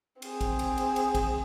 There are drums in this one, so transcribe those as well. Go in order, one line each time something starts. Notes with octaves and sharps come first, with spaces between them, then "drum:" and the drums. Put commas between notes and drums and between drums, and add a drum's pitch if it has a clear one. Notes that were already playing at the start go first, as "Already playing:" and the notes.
C4 G#4, drum: cymbal
drum: kick A1, cymbal
drum: cymbal
drum: cymbal
drum: cymbal
drum: kick A1, cymbal